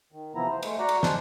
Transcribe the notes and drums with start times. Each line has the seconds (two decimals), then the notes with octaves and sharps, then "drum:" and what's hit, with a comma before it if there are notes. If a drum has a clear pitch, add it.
0.12 D#3
0.35 C3 E3 F3 B3 E4 A#5
0.50 C5
0.63 G#3 A3, drum: cymbal
0.79 F#4 D5 F#5 A#5
0.89 drum: cymbal
1.03 G#3 C5 A5 F#6, drum: snare